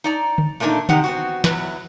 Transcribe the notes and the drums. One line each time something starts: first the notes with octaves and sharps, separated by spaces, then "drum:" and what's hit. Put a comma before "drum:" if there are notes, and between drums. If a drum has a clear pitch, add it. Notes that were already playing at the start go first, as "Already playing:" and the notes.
D#4 D5 A#5
drum: tom D3
A#2 A3 A#3 D4 D#4
C3 C4 D#4 G4 F#5, drum: tom D3
B3 C4 F#4
E2 F#3 B4, drum: snare